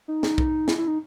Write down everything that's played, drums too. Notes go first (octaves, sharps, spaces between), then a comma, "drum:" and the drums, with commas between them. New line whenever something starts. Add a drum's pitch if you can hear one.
D#4
drum: snare
drum: kick B1
E4, drum: snare
E4
D#4